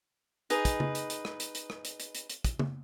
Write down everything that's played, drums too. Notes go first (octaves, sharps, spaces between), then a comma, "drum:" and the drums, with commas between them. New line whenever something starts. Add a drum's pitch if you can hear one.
D#4 G#4 B4, drum: hi-hat
drum: kick, hi-hat
drum: tom C#3
drum: hi-hat
drum: hi-hat
drum: rim click
drum: hi-hat
drum: hi-hat
drum: rim click
drum: hi-hat
drum: hi-hat
drum: hi-hat
drum: hi-hat
drum: kick, hi-hat
drum: tom C#3